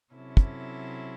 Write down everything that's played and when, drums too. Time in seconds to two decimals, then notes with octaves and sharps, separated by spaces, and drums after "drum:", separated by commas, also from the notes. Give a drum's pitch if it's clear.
0.13 C3 F#3 C#4 E4 A4
0.37 drum: kick